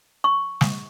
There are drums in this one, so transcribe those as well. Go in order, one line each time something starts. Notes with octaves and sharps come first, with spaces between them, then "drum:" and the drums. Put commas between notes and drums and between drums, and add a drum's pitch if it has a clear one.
C#6
drum: snare